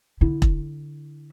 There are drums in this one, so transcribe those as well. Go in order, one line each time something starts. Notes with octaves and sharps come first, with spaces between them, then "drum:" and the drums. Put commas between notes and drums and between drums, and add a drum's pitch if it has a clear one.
D3 E4
drum: kick E1